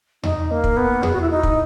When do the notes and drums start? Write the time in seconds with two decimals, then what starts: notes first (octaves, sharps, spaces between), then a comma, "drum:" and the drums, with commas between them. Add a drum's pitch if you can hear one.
0.23 D#4, drum: tom E2
0.51 A#3
0.64 drum: kick
0.77 B3
1.03 G#4, drum: tom E2
1.13 F#4
1.21 E4
1.31 D#4
1.43 drum: kick